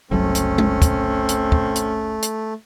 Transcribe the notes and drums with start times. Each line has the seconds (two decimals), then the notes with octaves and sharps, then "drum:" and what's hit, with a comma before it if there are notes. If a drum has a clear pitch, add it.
0.11 F#1 C2 F#3 A3 C4 C#4
0.35 drum: hi-hat
0.58 drum: tom G#3
0.82 drum: kick, hi-hat
1.29 drum: hi-hat
1.52 drum: kick
1.76 drum: hi-hat
2.22 drum: hi-hat